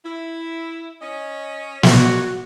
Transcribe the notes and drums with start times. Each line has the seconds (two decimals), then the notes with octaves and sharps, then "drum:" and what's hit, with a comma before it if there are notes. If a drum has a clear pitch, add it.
0.04 E4
1.01 C#4 D#5
1.83 F4 F#4 C#5 D5, drum: snare